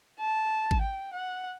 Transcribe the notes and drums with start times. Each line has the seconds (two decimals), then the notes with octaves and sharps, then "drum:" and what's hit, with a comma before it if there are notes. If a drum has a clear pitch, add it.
0.19 A5
0.71 drum: kick G#1
0.81 G5
1.13 F#5